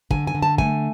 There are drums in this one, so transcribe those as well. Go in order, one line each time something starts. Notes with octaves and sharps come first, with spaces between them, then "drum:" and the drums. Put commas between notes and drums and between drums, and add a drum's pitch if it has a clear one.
D3 G#5, drum: kick
G#5
D3
A5
A3 G#5, drum: kick